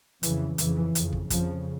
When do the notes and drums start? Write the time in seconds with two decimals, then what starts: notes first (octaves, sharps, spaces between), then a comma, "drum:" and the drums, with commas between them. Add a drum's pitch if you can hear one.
0.23 F2 C#3 E3, drum: hi-hat
0.58 F2 C#3 E3, drum: hi-hat
0.95 F2 C#3, drum: hi-hat
1.12 drum: kick
1.30 F2 C#3 F3, drum: kick, hi-hat